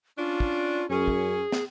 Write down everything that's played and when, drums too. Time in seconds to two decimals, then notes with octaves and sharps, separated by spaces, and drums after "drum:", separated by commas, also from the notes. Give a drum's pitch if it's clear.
0.18 C#4 D4 F4
0.40 drum: kick
0.90 F#2 C#4 G#4
1.08 drum: kick
1.52 drum: snare